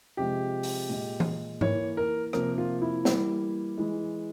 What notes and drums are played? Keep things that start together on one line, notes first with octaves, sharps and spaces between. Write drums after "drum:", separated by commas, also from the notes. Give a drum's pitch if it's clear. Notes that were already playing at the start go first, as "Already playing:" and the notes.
C3 F3 G#3 G4
drum: open hi-hat
A#2 G#3
drum: tom E3
E3 A#3 C#5, drum: tom G#2
A#4
C3 F3 A#3 A#4, drum: rim click
F4
E4
E3 G3 A#3, drum: snare
E3 G#3